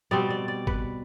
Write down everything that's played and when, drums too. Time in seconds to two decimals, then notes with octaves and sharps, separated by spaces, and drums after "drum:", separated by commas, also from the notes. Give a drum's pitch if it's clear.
0.11 B2 G3 C4 D5
0.30 D5
0.48 D5
0.67 B4, drum: kick